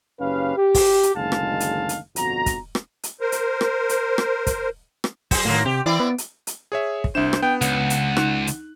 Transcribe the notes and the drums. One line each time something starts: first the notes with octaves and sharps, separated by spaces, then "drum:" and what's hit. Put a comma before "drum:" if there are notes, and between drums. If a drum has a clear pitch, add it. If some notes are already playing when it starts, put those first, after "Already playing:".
F#1 C#4 G4 B4 F5
G4
drum: kick, open hi-hat
drum: hi-hat
F#1 D2 D#3 G#3 F5 A5
drum: rim click
drum: hi-hat
drum: hi-hat
G1 F2 B2 F#4 A#5, drum: hi-hat
drum: kick, hi-hat
drum: rim click
drum: hi-hat
A#4 C5
drum: hi-hat
drum: rim click
drum: hi-hat
drum: rim click
drum: kick, hi-hat
drum: rim click
F#3 G#4, drum: kick, open hi-hat
A2 D#3 F#3 A#3
C3 G4
E3 C4 E4 D5
B3
drum: hi-hat
drum: hi-hat
G#4 C#5 E5
drum: kick
C2 D4 C5 E5 E7
drum: rim click
B3 G5
C#2 F#5, drum: hi-hat
drum: hi-hat
D#4 F#6, drum: rim click
drum: hi-hat